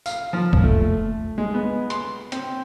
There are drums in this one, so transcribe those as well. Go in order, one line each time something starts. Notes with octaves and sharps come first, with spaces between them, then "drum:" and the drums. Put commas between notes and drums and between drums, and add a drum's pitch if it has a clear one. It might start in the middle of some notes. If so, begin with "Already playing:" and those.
F5, drum: tambourine
F3
drum: kick F1
A3
G#3
B3
C6, drum: hi-hat
C4, drum: hi-hat